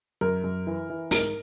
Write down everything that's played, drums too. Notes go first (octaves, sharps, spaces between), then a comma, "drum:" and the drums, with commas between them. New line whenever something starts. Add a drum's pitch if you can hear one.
F#2 A#4
F#2
E3
E3
G#2 A#4, drum: open hi-hat